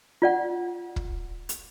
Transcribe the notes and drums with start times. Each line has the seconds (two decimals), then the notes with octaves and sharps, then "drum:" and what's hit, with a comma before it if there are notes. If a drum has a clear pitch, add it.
0.22 F4 D5 F#5
0.96 drum: kick
1.49 drum: hi-hat